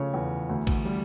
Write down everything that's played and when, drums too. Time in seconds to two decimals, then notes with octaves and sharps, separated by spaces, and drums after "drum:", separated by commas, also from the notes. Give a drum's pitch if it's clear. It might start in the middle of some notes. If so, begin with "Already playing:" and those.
Already playing: C#3 F3 A3 C#5
0.14 E2
0.49 D2
0.67 drum: kick, cymbal
0.85 G3